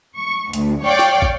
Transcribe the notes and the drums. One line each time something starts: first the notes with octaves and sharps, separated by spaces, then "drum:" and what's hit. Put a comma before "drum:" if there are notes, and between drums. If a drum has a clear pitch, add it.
C#6
D2, drum: hi-hat
C#5 D5 F5 G5
drum: snare
drum: kick